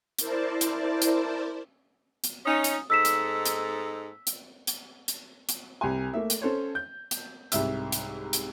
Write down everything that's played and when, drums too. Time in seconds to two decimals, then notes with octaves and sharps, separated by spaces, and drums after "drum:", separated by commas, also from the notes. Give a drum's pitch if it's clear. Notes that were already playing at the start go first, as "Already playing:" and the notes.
0.19 E4 A#4 C5 D5 A5, drum: hi-hat
0.61 drum: hi-hat
1.02 drum: hi-hat
2.24 drum: hi-hat
2.45 C#4 D#4 D#6
2.64 drum: hi-hat
2.90 G#2 D#4 A4 E6 B6 E7
3.05 drum: hi-hat
3.45 drum: hi-hat
4.27 drum: hi-hat
4.67 drum: hi-hat
5.08 drum: hi-hat
5.49 drum: hi-hat
5.81 C2 G#5
6.13 A3 A#3 E5
6.30 drum: hi-hat
6.42 C#4 A4 C5 C#5
6.75 G6
7.11 drum: hi-hat
7.52 C2 G#2 E5 E6, drum: hi-hat
7.92 drum: hi-hat
8.33 drum: hi-hat